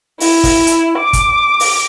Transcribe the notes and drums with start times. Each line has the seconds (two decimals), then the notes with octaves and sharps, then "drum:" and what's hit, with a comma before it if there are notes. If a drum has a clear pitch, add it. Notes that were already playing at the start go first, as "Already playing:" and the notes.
0.20 E4, drum: open hi-hat
0.44 drum: kick, open hi-hat
0.67 drum: hi-hat
0.99 D6
1.13 drum: kick, hi-hat
1.60 drum: open hi-hat